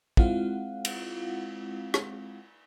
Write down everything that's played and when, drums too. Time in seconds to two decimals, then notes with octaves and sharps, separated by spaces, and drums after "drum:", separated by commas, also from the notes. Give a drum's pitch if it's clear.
0.17 G#3 C4 E4 F4 F5 F#5, drum: kick
0.85 drum: cymbal
1.94 drum: rim click